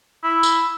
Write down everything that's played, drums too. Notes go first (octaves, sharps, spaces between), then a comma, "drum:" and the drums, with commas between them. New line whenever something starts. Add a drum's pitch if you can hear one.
E4
drum: tambourine